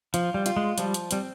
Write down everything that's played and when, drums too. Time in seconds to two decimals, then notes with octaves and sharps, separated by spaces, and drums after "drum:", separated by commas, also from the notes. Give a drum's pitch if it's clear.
0.14 F3 F4, drum: hi-hat
0.34 G3
0.46 F4, drum: hi-hat
0.57 G#3
0.78 F3 G3, drum: hi-hat
0.94 drum: hi-hat
1.11 G3 C4, drum: hi-hat